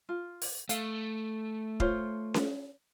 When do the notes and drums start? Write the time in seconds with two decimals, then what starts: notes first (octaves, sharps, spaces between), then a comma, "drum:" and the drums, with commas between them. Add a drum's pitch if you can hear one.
0.09 F4
0.42 drum: open hi-hat
0.69 A3 F5, drum: hi-hat
1.80 F4 C5 C#5, drum: kick D#1
2.34 drum: snare C#4